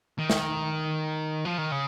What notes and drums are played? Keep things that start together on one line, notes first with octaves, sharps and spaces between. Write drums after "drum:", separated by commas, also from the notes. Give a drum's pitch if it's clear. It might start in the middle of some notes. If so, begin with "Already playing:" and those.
D#3
drum: snare
F3
D#3
C#3